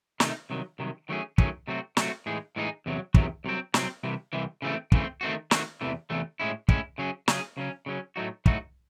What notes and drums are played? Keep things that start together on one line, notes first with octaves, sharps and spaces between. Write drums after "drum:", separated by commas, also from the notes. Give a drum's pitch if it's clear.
C3 D#3 A3 C4 D#4, drum: snare
C2 C3 D#3 F#3
C2 C3 D#3 F#3
D#3 F#3 A3 C#4 G#4
D#3 F#3 A3 C#4 G#4, drum: kick
C3 F#3 A3 C4 F#4
C3 F#3 A3 C4 F#4, drum: snare
A2 E3 G#3 D#4 G#4
A2 E3 G#3 D#4 G#4
E2 C3 D#3 F#3
E2 C3 D#3 F#3, drum: kick
C2 C3 F#3 C4
C2 C3 F#3 C4, drum: snare
C2 C3 E3
C2 C3 E3
C#3 E3 A3 C4
C#3 E3 A3 C4, drum: kick
D#3 A3 C4 F#4
D#3 A3 C4 F#4, drum: snare
E2 C3 E3 A3
E2 C3 E3 A3
A2 G#3 C#4 E4
A2 G#3 C#4 E4, drum: kick
C#3 F#3 C#4 G#4
C#3 F#3 C#4 G#4, drum: snare
C#3 F#3 C#4
C#3 F#3 C#4
A2 F#3 A3 D#4 F#4
A2 F#3 A3 D#4 F#4, drum: kick